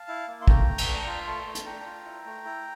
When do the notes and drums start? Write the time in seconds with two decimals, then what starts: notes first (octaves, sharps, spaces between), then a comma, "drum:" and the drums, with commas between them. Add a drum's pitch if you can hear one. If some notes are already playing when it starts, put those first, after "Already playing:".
Already playing: F5 A5
0.08 E4
0.27 A#3
0.42 C6
0.48 A3 G5 A#5, drum: kick
0.68 A3
0.78 drum: cymbal
0.88 D4
1.06 F4
1.26 A3 A5 C6
1.46 A3
1.55 A5, drum: hi-hat
1.65 D4 G5 A#5
1.86 F4
2.06 E4
2.25 A3
2.45 E4